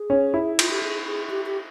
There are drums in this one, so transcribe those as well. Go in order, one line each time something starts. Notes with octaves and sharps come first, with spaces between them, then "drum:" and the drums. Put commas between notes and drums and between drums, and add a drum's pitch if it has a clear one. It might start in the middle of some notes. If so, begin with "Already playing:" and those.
Already playing: G#4
C#4
E4
F4, drum: cymbal
G4
G#4
G#4
G4
G4